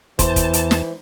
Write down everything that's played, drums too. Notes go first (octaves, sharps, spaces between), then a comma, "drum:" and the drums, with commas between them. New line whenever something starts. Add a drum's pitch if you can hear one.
E2 E3 C5 A5, drum: kick, hi-hat
drum: kick, hi-hat
drum: hi-hat
drum: snare